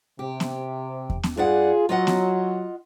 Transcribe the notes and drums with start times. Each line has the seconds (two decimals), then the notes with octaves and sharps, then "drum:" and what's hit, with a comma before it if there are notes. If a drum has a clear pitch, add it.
0.19 C3 G4
0.40 drum: snare B3
1.10 drum: kick E2
1.23 drum: snare B3
1.37 G2 F4 G#4 D5 F#5
1.89 F#3 F4 D#5 F#5
2.07 drum: snare B3